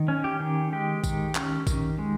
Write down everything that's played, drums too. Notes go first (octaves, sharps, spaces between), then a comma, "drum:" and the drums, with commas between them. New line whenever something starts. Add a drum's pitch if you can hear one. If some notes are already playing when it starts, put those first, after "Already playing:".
Already playing: D#3
C#4
G4
D#3
G#3 G4
D#3, drum: kick A#1, tambourine
C#4, drum: clap
D#3, drum: kick A#1, tambourine
G#3